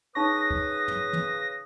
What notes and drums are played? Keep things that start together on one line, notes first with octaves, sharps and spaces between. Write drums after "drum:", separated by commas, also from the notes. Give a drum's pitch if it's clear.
C#3 D#4 B4 C#5 C#6 D#6 A#6
drum: kick
drum: tom
drum: tom